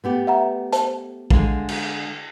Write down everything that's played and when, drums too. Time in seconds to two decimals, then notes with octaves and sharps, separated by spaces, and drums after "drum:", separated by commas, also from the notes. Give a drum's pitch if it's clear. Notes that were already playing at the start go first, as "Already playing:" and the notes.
0.04 A3 B3 G4
0.27 E5 F#5 A#5
0.73 C5 A5, drum: hi-hat
1.30 D3 G#3 F5, drum: kick
1.69 drum: cymbal